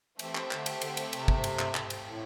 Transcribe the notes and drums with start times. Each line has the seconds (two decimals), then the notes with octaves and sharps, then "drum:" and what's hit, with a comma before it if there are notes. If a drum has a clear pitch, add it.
0.19 E3 A3 C4 G4 C5 E5, drum: cymbal
0.35 drum: clap
0.51 D3, drum: clap
0.66 drum: cymbal
0.81 D3, drum: cymbal
0.97 drum: cymbal
1.13 C3, drum: cymbal
1.28 drum: kick
1.44 drum: cymbal
1.59 drum: clap
1.75 drum: clap
1.90 drum: cymbal
2.05 A2